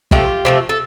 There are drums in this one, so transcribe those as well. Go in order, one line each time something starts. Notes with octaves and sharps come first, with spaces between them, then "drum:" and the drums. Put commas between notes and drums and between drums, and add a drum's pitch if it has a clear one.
C3 F3 A3 F4 G4, drum: kick
C3 F3 A3
A4